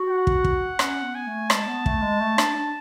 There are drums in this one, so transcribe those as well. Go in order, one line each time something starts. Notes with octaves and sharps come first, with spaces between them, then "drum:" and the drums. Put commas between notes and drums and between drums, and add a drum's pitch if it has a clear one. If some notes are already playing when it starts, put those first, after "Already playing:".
Already playing: F#4
F#5
drum: kick
drum: kick
C#4 F#5, drum: rim click
B3
G#5
A3
G#3 A5, drum: rim click
B3
A3, drum: kick
G#3
A3
D4, drum: rim click
D4